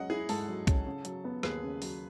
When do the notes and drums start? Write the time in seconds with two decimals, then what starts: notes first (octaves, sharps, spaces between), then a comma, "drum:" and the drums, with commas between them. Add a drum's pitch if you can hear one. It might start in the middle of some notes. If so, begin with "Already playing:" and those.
Already playing: F#3 G#3 C#4 D#5 F#5
0.10 E4 G#4
0.29 G#2 A4, drum: open hi-hat
0.48 F#3
0.67 C#4, drum: kick, hi-hat
0.86 C#3
1.05 F#3, drum: hi-hat
1.25 B3
1.43 D#2 G#4 B4, drum: rim click
1.63 C#3
1.82 F#3, drum: open hi-hat